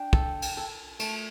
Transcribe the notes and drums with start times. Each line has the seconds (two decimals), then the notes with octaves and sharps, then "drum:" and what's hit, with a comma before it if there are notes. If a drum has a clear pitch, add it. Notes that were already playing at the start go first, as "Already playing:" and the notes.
Already playing: D4 G5
0.13 A4, drum: kick
0.42 drum: cymbal
0.57 A4
0.99 A3 A5, drum: cymbal